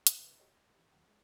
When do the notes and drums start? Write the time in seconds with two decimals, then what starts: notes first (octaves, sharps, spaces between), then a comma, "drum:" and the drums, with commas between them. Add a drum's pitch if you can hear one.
0.07 drum: hi-hat
0.19 C#3 B4 E5
0.39 F#4 G4 A4 C#5 D#5
0.55 B5 A#6
0.74 E3 G4
0.91 D2 F3 F#5 G5
1.09 G#3